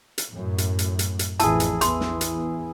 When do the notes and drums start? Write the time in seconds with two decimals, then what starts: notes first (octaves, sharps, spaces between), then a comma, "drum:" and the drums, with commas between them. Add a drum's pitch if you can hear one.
0.18 drum: hi-hat
0.29 F#2 A2
0.58 drum: hi-hat
0.79 drum: hi-hat
0.99 drum: hi-hat
1.19 drum: hi-hat
1.40 A1 F2 E3 E4 G#4 A5, drum: hi-hat
1.60 drum: hi-hat
1.81 E2 C6, drum: hi-hat
2.00 drum: snare
2.21 drum: hi-hat